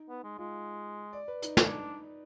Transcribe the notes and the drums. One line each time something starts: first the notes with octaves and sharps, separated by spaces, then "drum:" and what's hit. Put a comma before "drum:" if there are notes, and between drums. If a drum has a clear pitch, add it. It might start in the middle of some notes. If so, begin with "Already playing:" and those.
Already playing: D#4
B3
G#3
G#3 F4
D5
B4
D#4, drum: hi-hat
D4, drum: snare